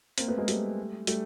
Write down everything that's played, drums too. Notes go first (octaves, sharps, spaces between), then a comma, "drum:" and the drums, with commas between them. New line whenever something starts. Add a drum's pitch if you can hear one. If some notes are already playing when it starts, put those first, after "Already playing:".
A#3 C4, drum: hi-hat
A3 B3
G#3 A#3
G3 A3, drum: hi-hat
G3 A3, drum: hi-hat